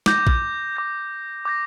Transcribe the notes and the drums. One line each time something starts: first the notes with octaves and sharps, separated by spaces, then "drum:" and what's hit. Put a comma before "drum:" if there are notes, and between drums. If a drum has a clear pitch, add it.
D6 G6 A#6, drum: snare
drum: kick A#1
D6 G6 A#6
D6 G6 A#6